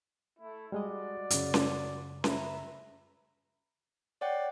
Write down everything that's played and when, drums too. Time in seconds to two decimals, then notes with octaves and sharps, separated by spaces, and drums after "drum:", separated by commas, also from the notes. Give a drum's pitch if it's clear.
0.39 A3 E4
0.72 G3 G#3 F#4 D5 D#5
1.30 F#2 C#3, drum: hi-hat
1.54 drum: snare C#4
2.24 B4 E5 A#5, drum: snare C#4
4.21 C#5 D5 F#5 G5